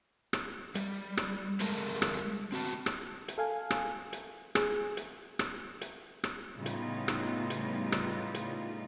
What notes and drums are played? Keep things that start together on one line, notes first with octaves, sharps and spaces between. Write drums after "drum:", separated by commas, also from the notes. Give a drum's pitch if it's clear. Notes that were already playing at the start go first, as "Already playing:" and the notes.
drum: rim click
G3, drum: hi-hat
drum: rim click
G3 G#3 A4 A#4, drum: hi-hat
drum: rim click
C4 F#4 A5
drum: rim click
drum: hi-hat
A4 F5 G#5
drum: rim click
drum: hi-hat
G#4, drum: rim click
drum: hi-hat
drum: rim click
drum: hi-hat
drum: rim click
A2 C#3 G3 B3 D#4 F4
drum: hi-hat
drum: rim click
drum: hi-hat
drum: rim click
drum: hi-hat